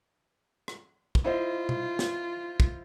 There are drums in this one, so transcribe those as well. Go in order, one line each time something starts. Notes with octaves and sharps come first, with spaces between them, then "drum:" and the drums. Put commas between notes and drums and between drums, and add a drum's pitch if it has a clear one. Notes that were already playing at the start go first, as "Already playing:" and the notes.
drum: rim click
drum: kick
E4 F4 C5 D#5
drum: tom B2
drum: snare
drum: kick